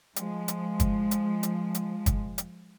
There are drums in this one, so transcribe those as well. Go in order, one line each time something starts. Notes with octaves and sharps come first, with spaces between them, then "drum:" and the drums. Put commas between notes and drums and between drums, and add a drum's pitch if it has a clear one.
F3 G#3, drum: hi-hat
drum: hi-hat
drum: kick, hi-hat
drum: hi-hat
drum: hi-hat
drum: hi-hat
drum: kick, hi-hat
drum: hi-hat